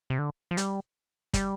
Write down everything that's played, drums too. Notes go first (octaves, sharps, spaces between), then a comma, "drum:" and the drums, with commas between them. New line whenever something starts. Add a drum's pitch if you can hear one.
C3
D3
F3
G3, drum: hi-hat
G3, drum: kick, hi-hat